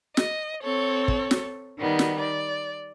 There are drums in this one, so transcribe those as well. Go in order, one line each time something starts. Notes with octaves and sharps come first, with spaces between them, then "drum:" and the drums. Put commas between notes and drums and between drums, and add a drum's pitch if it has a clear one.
D#5, drum: snare
C4 A4 C#5
drum: kick
drum: snare
D#3 G3 B3
drum: snare
D5